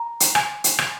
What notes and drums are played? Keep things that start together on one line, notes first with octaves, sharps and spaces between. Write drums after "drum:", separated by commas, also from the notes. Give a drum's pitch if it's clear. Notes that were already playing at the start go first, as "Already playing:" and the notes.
Already playing: A#5
drum: hi-hat
G#5, drum: rim click
drum: hi-hat
drum: rim click